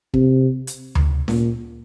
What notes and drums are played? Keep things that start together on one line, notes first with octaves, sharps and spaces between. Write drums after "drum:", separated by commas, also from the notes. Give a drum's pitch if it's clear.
C3, drum: kick
drum: hi-hat
drum: tom D2
A#2, drum: snare C#4